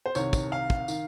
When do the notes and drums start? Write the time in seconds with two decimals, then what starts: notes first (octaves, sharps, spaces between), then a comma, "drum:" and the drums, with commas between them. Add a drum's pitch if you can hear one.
0.06 C5
0.15 C2 C3 D#3 C#5, drum: tambourine
0.33 drum: kick, tambourine
0.52 F5
0.70 drum: kick
0.88 D#3, drum: tambourine